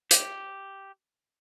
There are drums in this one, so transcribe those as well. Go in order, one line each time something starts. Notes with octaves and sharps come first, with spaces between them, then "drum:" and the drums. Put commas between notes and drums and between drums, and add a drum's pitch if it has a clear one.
G4, drum: hi-hat